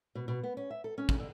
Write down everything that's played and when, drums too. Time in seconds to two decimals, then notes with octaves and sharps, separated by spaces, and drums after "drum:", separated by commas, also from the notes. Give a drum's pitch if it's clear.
0.15 B2
0.28 B2
0.44 B3
0.57 C#4
0.71 E5
0.84 A4
0.98 C#4
1.09 drum: kick
1.20 D3